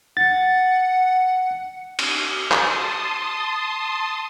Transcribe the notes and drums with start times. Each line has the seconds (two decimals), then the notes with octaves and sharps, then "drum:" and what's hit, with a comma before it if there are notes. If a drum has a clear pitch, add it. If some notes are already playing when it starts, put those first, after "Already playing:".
0.17 F#5 A6
1.99 drum: cymbal
2.51 A5 C6 D#6, drum: clap